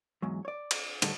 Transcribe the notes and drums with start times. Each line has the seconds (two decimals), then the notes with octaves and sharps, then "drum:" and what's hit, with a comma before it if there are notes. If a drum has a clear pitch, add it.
0.22 E2 G#2 F#3
0.45 C#5 D5
0.71 drum: cymbal
1.02 A2 D3 D#3 G3 A3 D4, drum: cymbal